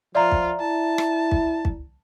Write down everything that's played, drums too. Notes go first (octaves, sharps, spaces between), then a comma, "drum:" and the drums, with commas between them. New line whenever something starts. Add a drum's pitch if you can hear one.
F3 F4 D5 E5 A#5
drum: kick
E4 A5
drum: rim click
drum: kick
drum: kick